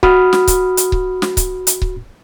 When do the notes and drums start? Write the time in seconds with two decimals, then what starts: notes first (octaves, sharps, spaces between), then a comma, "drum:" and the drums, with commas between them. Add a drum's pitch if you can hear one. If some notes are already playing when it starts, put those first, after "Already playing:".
0.03 F#4 B5 D#6 F6, drum: kick C#1
0.33 drum: snare
0.47 drum: kick C#1, hi-hat
0.77 drum: hi-hat
0.92 drum: kick C#1
1.22 drum: snare
1.37 drum: kick C#1, hi-hat
1.67 drum: hi-hat
1.82 drum: kick C#1